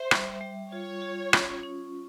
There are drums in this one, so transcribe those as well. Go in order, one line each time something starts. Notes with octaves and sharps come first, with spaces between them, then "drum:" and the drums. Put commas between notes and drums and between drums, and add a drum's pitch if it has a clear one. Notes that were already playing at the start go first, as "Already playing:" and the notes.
Already playing: C5 E5
G3, drum: rim click
G3
F4 C#5
F4
C#4, drum: rim click
C#4